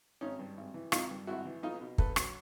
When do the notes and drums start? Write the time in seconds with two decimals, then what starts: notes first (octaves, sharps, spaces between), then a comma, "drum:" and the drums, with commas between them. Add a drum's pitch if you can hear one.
0.21 G#1 C#4 D#4
0.39 G2
0.57 G#1
0.74 E3
0.92 G#1 D#4 F4, drum: rim click
1.11 G2
1.27 G#1 E4 F#4
1.45 E3
1.63 B1 D#4 F4
1.81 B2
1.98 B1 A4 B4, drum: kick
2.16 F#3, drum: rim click